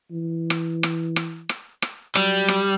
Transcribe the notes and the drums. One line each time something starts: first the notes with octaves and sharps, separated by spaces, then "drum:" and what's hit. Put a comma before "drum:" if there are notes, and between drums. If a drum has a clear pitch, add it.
E3
drum: rim click
drum: rim click
drum: rim click
drum: rim click
drum: rim click
F#3 G3, drum: rim click
drum: rim click